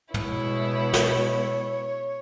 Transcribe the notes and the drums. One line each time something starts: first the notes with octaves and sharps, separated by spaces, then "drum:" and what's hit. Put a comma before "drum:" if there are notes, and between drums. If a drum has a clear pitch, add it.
B2 G#3 B3 E4 C#5, drum: tom
drum: snare